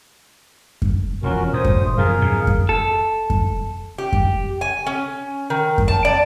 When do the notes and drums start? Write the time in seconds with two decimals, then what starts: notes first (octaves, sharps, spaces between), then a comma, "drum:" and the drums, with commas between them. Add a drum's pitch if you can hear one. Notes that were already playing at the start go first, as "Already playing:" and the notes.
0.82 drum: kick F#2
1.23 E1 F3 C#4 F#4 A#4
1.54 D2 A2 C5 D#6
1.64 drum: kick F#2
1.98 F#2 B2 F3 G#4 A#4 F5
2.21 F2 G#2 B2
2.47 drum: kick F#2
2.69 A4
3.30 drum: kick F#2
3.99 G4
4.13 drum: kick F#2
4.61 G#5
4.87 C#4
5.50 D#3
5.78 drum: kick F#2
5.88 A5
6.05 D5